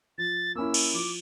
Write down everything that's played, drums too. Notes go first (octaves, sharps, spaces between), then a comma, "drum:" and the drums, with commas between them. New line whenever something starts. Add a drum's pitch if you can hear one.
F3 A6
A#3 C#4 E4 E6
drum: cymbal
F3 D6